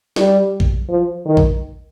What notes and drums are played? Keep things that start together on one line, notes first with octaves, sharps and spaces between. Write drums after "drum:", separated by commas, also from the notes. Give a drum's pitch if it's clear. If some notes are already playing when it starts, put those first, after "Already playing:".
G3, drum: snare
drum: kick A1
F3
D#3
drum: kick A1